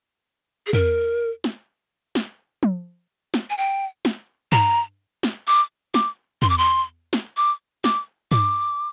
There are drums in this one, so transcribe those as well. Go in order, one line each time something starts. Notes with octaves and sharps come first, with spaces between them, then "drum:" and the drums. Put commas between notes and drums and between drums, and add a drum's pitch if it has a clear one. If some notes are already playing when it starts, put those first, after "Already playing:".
G#4
A#4, drum: tom
drum: snare
drum: snare
drum: tom F3
drum: snare
G#5
G5
drum: snare
A#5, drum: tom G2
drum: snare
D6
D6, drum: snare
C6, drum: tom
D6
C6
drum: snare
D6
D6, drum: snare
D6, drum: tom G2